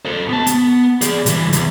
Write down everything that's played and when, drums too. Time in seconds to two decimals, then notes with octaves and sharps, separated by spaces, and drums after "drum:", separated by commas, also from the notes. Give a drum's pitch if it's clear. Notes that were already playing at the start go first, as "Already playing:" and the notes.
0.05 A4 C5
0.29 B3 A5
0.47 B3, drum: hi-hat
1.01 G#4 D5, drum: hi-hat
1.26 C2 E3, drum: hi-hat
1.53 E2, drum: hi-hat